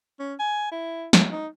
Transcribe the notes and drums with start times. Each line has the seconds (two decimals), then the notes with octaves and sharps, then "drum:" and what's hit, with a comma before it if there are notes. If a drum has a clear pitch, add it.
0.19 C#4
0.39 G#5
0.71 E4
1.13 drum: snare
1.31 D#4